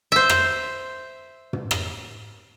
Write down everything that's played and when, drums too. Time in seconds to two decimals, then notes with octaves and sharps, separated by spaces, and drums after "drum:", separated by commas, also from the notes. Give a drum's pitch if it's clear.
0.12 C5 E5
0.30 drum: rim click
1.53 drum: tom
1.71 drum: rim click